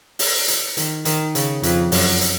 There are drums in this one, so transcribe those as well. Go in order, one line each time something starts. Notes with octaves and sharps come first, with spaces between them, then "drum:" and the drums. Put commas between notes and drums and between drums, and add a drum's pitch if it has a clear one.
drum: open hi-hat
drum: hi-hat
D#3, drum: hi-hat
D#3, drum: hi-hat
C#3, drum: hi-hat
F2, drum: hi-hat
F#2, drum: open hi-hat
drum: hi-hat